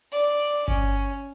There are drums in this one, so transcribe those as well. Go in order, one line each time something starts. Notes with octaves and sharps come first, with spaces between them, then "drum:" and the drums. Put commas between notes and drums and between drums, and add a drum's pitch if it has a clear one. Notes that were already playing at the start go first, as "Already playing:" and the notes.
D5
C#4, drum: kick G1